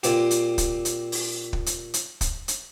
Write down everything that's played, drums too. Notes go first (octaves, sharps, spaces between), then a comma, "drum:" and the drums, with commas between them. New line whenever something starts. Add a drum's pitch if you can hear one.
A#2 C4 G4, drum: hi-hat
drum: hi-hat
drum: kick, hi-hat
drum: hi-hat
drum: open hi-hat
drum: kick
drum: hi-hat
drum: hi-hat
drum: kick, hi-hat
drum: hi-hat